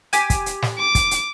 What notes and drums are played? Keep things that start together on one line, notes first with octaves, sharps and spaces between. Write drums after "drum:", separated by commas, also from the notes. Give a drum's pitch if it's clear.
G4 G#5, drum: hi-hat
drum: kick, hi-hat
drum: hi-hat
drum: snare
D6
drum: kick, hi-hat
drum: hi-hat